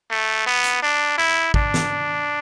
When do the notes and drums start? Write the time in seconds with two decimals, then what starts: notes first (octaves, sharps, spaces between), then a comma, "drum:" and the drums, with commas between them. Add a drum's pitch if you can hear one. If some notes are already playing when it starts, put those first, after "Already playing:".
0.11 A3
0.46 B3
0.64 drum: hi-hat
0.83 D4
1.18 E4
1.54 D4, drum: kick
1.74 drum: snare